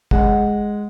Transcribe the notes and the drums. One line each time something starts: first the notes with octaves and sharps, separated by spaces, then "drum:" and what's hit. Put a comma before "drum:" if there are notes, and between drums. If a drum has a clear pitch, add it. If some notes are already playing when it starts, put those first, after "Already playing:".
G#3 F#5, drum: kick